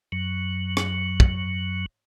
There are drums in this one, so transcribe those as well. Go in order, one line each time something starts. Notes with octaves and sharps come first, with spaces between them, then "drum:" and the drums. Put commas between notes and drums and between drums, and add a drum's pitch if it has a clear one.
F#2 F#3
drum: rim click
drum: kick